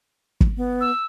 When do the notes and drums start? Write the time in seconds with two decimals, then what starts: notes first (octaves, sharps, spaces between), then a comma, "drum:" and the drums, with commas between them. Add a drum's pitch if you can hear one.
0.41 drum: kick
0.57 B3
0.81 E6